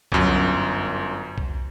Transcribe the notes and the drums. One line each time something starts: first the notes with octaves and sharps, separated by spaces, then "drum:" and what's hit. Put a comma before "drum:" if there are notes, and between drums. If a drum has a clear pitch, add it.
G1 F#2, drum: kick
drum: kick